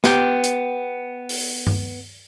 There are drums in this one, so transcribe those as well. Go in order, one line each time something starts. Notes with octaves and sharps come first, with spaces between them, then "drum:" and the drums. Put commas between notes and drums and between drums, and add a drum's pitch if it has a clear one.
B3 G4, drum: snare
drum: hi-hat
drum: open hi-hat
drum: tom G2